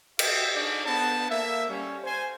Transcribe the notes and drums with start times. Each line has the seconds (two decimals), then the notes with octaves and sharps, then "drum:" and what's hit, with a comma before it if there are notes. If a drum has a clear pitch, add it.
0.19 F#4 D#5 E5 G5, drum: cymbal
0.54 D4 D#4 G#4 C#5 D5
0.86 B3 D4 B4 A5
1.30 A#3 E5
1.69 G3 C#4
2.04 C5 G#5